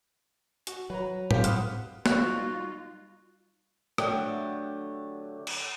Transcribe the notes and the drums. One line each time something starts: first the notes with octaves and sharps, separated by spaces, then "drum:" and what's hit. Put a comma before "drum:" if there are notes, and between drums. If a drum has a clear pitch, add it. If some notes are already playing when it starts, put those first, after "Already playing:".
F#4, drum: hi-hat
F#3 B4 A#5
F4 G4, drum: tom A2
C5 F#5 B5 D#6 F6, drum: hi-hat
G3 D#4 F4 F#4 F#6, drum: snare
D3 F#3 A3 G4, drum: rim click
drum: cymbal